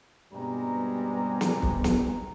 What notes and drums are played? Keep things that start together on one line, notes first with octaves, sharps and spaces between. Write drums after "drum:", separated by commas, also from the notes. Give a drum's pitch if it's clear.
G2 B2 G3 G#3 C4 A#5
drum: snare
drum: kick
drum: snare